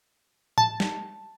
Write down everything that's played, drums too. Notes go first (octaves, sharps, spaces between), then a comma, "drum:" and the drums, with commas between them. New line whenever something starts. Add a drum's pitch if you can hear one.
A5, drum: tom A2
drum: snare